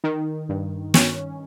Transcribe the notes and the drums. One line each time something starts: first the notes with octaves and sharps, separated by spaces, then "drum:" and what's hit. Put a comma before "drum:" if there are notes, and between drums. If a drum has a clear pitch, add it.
D#3
G2
C#4, drum: snare